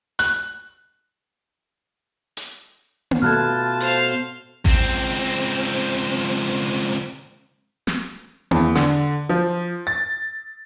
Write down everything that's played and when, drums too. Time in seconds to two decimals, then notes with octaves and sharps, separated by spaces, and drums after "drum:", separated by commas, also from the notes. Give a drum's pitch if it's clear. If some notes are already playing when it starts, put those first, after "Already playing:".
0.19 F#6, drum: hi-hat
2.37 drum: hi-hat
3.11 drum: tom A#3
3.22 B2 A3 F4 A5 F6 F#6 G#6
3.80 C5 F5, drum: open hi-hat
4.65 C#2 C4, drum: kick A1
7.87 drum: snare
8.51 E2, drum: tom A#3
8.75 D3, drum: snare
9.29 F3
9.87 A6